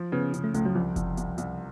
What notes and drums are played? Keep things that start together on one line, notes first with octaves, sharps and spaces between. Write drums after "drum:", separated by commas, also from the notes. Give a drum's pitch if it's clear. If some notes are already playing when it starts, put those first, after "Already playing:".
Already playing: F3
C#3 B3
C#3, drum: hi-hat
A3
C#2 A3, drum: hi-hat
F#3
C2 F3
C2, drum: kick F#1, hi-hat
C2, drum: hi-hat
C2, drum: hi-hat